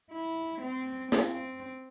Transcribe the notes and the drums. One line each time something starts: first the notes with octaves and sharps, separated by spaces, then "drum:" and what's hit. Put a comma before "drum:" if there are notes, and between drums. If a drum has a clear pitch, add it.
E4
C4
C4, drum: snare